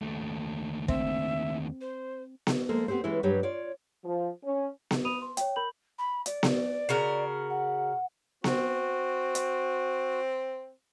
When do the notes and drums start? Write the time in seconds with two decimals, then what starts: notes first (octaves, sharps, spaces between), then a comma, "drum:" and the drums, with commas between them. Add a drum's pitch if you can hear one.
0.02 D#2 A3
0.88 C4 E5, drum: kick
1.81 C5
2.47 drum: snare B3
2.69 F3 G#3 A#3 A4
2.88 B3 C4 G4 A4 C5
3.04 E3 G#3 C#4 E4
3.23 G2 F#3 G3 G4 B4 C#5
3.43 F4 C#5 D5
4.05 F3
4.43 C#4
4.91 drum: snare B3
5.05 B5 D#6 D#7 F7
5.22 C6
5.37 C#5 G5, drum: hi-hat
5.56 A#4 B5 G6 F#7
5.98 B5
6.26 D5, drum: hi-hat
6.43 drum: snare B3
6.89 C#3 F#4 A#4
7.49 F#5
8.44 C4 F#4, drum: snare B3
9.35 drum: hi-hat